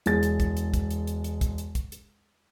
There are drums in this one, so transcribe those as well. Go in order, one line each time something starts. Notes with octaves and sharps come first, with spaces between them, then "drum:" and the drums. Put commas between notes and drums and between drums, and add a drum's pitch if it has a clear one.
E1 G#3 A6, drum: hi-hat
drum: hi-hat
drum: kick, hi-hat
drum: hi-hat
drum: kick, hi-hat
drum: hi-hat
drum: hi-hat
drum: hi-hat
drum: kick, hi-hat
drum: hi-hat
drum: kick, hi-hat
drum: hi-hat